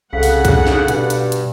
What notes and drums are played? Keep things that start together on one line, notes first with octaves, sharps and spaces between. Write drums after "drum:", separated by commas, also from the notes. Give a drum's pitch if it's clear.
C2 C#3 A4 F5 F#5 B6
drum: open hi-hat
drum: kick, hi-hat
drum: snare
G2 B2, drum: hi-hat
drum: hi-hat
drum: hi-hat